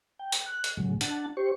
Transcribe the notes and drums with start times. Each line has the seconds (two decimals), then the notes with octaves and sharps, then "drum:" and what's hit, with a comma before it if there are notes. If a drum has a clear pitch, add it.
0.19 G5
0.32 drum: hi-hat
0.46 F#6
0.64 drum: hi-hat
0.77 A2 C#3 F#3 G#3
1.01 D4 F#5 A5, drum: hi-hat
1.37 G4 C5 C#6